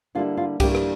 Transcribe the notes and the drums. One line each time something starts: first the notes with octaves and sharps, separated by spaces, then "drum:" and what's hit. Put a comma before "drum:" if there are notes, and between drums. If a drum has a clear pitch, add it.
D3 G3 A#3 E4 F4
F4
D3 G3 A#3 E4 G4, drum: kick C2, cymbal
drum: rim click